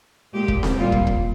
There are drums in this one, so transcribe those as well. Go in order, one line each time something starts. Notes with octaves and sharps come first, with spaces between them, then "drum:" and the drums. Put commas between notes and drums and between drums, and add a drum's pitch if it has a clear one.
A#2 G#3 G4
drum: kick
drum: snare C4
A#2 G3 F4
drum: kick
drum: kick